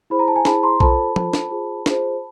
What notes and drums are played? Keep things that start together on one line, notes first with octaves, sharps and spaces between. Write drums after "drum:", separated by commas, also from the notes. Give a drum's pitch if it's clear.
E4 G#4 C5 B5
A#5
A5
G#5 A#5
E4 G#4 C5 A5 B5, drum: snare
A#5 C6
F4 A4 C5 A5 B5, drum: kick B1
F4 A4 C5, drum: tom
drum: snare
F4 G#4 C5
F4 G#4 C5, drum: snare